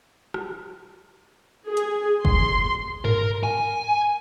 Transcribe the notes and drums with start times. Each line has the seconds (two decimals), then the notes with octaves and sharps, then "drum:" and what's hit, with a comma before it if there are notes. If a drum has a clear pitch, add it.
0.34 drum: rim click
1.67 G#4
1.77 drum: hi-hat
2.25 C6, drum: kick
3.05 A#4, drum: tom G2
3.43 G#5